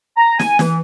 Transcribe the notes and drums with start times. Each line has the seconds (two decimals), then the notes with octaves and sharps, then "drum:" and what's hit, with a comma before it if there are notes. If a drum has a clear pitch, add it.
0.17 A#5
0.39 G#5, drum: snare
0.59 E3, drum: snare